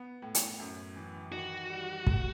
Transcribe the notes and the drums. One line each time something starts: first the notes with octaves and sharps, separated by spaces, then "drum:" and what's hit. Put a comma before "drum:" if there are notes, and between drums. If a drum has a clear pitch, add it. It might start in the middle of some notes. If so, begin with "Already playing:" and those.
Already playing: B3
A2
drum: hi-hat
F#2
E3
D#3 F#4
G3
A2, drum: kick